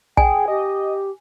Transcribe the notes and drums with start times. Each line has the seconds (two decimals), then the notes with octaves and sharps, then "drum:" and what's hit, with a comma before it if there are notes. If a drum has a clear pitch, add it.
0.17 G#4 G5 G#5, drum: kick
0.48 G4 D#5